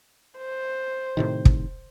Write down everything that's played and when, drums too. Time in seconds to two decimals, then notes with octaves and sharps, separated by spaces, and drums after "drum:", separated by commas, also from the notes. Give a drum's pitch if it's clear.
0.38 C5
1.17 A2 C3 D#3
1.45 drum: kick